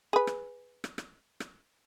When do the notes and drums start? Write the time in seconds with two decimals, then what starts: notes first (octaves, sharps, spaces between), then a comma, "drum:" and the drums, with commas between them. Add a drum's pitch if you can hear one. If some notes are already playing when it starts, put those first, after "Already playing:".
0.13 G#4 B4
0.27 drum: rim click
0.84 drum: rim click
0.98 drum: rim click
1.40 drum: rim click